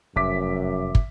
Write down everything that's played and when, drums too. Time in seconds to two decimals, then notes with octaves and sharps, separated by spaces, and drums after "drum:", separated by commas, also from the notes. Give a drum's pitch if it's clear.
0.16 F1 F#2 E5 D6 B6
0.95 drum: kick